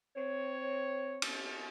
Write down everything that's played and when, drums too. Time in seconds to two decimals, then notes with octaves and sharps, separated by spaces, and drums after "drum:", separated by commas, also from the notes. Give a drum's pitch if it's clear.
0.16 C4 C#5
1.22 drum: cymbal